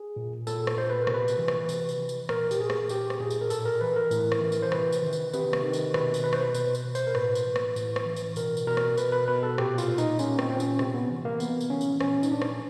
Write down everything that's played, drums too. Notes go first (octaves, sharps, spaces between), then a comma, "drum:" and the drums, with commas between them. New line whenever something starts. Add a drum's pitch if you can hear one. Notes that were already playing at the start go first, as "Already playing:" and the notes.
Already playing: G#4
A#2
A#2 A4, drum: tambourine
drum: rim click
A#2 C5
B4
A#4
C3, drum: rim click
B4
drum: tambourine
E3
drum: rim click
C3, drum: tambourine
drum: tambourine
E3
drum: tambourine
A#2 A#4, drum: rim click
G4, drum: tambourine
A#2 G#4
drum: rim click
A#2 G4, drum: tambourine
drum: rim click
A#2 G#4
drum: tambourine
A#4
A2 A4, drum: tambourine
A#4
E3 B4
A#4
A2, drum: tambourine
drum: rim click
E3
drum: tambourine
C5
C3 B4, drum: rim click
drum: tambourine
D#3
drum: tambourine
C3 B4, drum: tambourine
drum: rim click
D#3
drum: tambourine
B2 B4, drum: rim click
drum: tambourine
B2 B4
C5, drum: rim click
B4
B2 B4, drum: tambourine
drum: tambourine
B2
C5, drum: tambourine
A#4
A2 B4, drum: rim click
drum: tambourine
E3
drum: rim click
A2, drum: tambourine
drum: rim click
E3
drum: tambourine
B2 A#4, drum: tambourine
drum: tambourine
B2 A#4
drum: rim click
B2 B4, drum: tambourine
B4
B2 B4
A4
A#2 G4, drum: rim click
F4, drum: tambourine
A#2
D#4, drum: tambourine
A#2 C#4, drum: tambourine
C4, drum: rim click
A#2 C4
C#4, drum: tambourine
C3 C4, drum: rim click
B3
E3
A#3
C3 B3, drum: tambourine
drum: tambourine
E3 C#4
drum: tambourine
A#2 C#4, drum: rim click
D#4, drum: tambourine
A#2 D4
drum: rim click